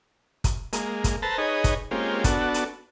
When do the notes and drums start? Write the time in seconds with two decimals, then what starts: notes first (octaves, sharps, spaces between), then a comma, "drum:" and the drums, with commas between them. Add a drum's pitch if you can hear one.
0.44 drum: kick, hi-hat
0.73 G#3 A#3, drum: hi-hat
1.04 drum: kick, hi-hat
1.22 A4 B4 C5 A5 A#5
1.38 D#4 G#4 B4 C#5 D#5
1.64 drum: kick, hi-hat
1.91 G#3 A#3 C4 C#4 F4 G4
2.24 B3 D4 F#4 A4, drum: kick, hi-hat
2.54 drum: hi-hat